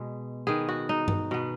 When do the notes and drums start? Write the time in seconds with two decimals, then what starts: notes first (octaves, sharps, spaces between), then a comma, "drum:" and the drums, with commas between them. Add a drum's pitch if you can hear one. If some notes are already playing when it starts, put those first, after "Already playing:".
Already playing: B2 G#3 B3
0.47 D#3 B3 G#4
0.69 F#4
0.89 D#4
1.08 drum: tom G2
1.31 B2 B3